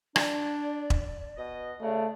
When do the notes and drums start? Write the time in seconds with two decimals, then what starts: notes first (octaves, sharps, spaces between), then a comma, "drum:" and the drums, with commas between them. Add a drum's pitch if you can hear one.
0.16 D4 D5, drum: rim click
0.90 drum: kick E1
1.37 B2 D#5
1.82 C#3 A3 D5